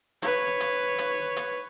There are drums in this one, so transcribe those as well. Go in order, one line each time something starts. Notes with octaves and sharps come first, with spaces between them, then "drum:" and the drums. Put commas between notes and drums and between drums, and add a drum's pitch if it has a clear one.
B4 C#5, drum: hi-hat
drum: hi-hat
drum: hi-hat
drum: hi-hat